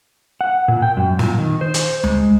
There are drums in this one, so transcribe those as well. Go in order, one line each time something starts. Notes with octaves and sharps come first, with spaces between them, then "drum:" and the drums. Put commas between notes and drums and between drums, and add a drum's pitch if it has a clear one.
F#5
A#2
G5
F#2
A#2, drum: snare
D#3
C5
drum: hi-hat
G#3, drum: tom D2